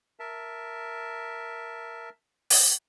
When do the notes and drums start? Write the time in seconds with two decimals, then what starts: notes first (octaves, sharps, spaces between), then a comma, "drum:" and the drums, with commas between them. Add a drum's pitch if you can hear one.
0.19 A#4 E5 A5
2.50 drum: open hi-hat